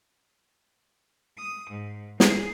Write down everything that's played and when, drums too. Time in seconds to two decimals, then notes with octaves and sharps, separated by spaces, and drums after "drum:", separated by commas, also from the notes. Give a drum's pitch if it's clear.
1.36 D#6
1.70 G#2
2.20 G#4, drum: snare